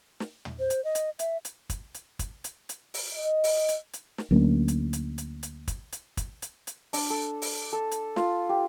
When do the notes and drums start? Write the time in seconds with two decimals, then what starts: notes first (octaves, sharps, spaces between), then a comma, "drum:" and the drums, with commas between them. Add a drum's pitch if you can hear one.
0.20 drum: snare
0.45 drum: tom
0.59 C5
0.70 drum: hi-hat
0.84 D#5
0.95 drum: hi-hat
1.19 E5, drum: hi-hat
1.45 drum: hi-hat
1.70 drum: kick, hi-hat
1.94 drum: hi-hat
2.19 drum: kick, hi-hat
2.44 drum: hi-hat
2.69 drum: hi-hat
2.94 drum: open hi-hat
3.14 D#5
3.44 drum: open hi-hat
3.69 drum: hi-hat
3.93 drum: hi-hat
4.18 drum: snare
4.31 D2 F#3 A#3 C#4
4.68 drum: hi-hat
4.93 drum: hi-hat
5.18 drum: hi-hat
5.43 drum: hi-hat
5.68 drum: kick, hi-hat
5.92 drum: hi-hat
6.17 drum: kick, hi-hat
6.42 drum: hi-hat
6.67 drum: hi-hat
6.93 D4, drum: open hi-hat
7.10 A4
7.42 drum: open hi-hat
7.73 A4
7.91 drum: hi-hat
8.16 F4, drum: snare
8.49 G4